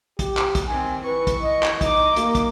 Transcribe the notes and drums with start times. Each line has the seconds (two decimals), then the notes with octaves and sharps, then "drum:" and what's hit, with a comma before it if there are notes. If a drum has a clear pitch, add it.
0.19 G4, drum: kick, hi-hat
0.37 drum: clap
0.55 drum: kick, hi-hat
0.67 D#3 C4 G#5
1.04 E3 B4 C#6
1.27 drum: kick, hi-hat
1.41 D#5
1.63 drum: clap
1.81 D#4 D#5 D6, drum: kick, hi-hat
2.16 A#3, drum: hi-hat
2.35 drum: kick, hi-hat